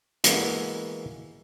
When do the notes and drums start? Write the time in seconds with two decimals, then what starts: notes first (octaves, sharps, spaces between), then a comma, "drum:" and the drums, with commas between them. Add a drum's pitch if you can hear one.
0.24 E3 G#3 A#3 B3 F#4, drum: hi-hat